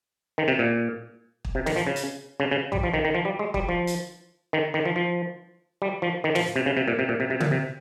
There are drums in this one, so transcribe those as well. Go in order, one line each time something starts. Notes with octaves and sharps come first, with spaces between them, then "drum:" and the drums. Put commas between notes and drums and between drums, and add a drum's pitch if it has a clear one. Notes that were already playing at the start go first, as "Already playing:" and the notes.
D#3
C3
A#2
drum: kick
C3
D#3, drum: snare
F3
C#3
drum: hi-hat
C#3
C#3
G3, drum: tom
F3
D#3
D#3
F3
G3
G#3
G3, drum: kick
F3
drum: hi-hat
D#3
D#3
F3
F3
G3
F3
D#3
F3, drum: snare
C3
C#3
C3
A#2
C3
A#2
C3
C3
A#2, drum: tom C#3
C3